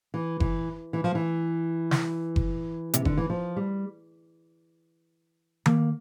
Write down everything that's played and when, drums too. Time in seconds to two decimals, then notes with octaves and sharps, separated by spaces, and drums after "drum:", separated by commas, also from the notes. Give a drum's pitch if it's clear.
0.14 E3
0.40 E3, drum: kick F#1
0.93 E3
1.04 F3
1.15 E3
1.91 drum: snare
2.36 drum: kick F#1
2.94 C3, drum: hi-hat
3.05 D3, drum: kick F#1
3.17 E3
3.30 F3
3.56 G3
5.66 A#3, drum: tom D#3